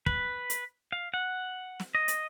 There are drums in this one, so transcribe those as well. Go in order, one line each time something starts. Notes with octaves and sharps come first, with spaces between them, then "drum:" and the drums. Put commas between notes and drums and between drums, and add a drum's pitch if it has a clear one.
B4, drum: kick
drum: hi-hat
F5
F#5
drum: snare
D#5
drum: hi-hat